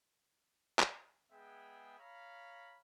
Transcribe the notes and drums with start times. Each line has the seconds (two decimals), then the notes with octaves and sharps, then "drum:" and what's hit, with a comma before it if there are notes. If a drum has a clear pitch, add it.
0.79 drum: clap
1.32 G#3 B3 G#4 E5 G5
1.99 C#5 F5 A#5 B5